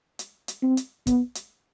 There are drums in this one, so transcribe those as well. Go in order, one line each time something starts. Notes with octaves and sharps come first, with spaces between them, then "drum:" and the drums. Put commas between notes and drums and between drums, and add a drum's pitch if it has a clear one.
drum: hi-hat
drum: hi-hat
C4
drum: hi-hat
B3, drum: kick, hi-hat
drum: hi-hat